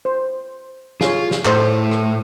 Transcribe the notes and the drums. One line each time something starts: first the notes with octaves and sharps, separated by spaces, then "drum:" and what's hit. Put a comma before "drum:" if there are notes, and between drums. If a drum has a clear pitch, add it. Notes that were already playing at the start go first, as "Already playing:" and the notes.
C5
F4 G#4 C#5, drum: snare
drum: snare
A2 A3 A4 C5, drum: clap
drum: rim click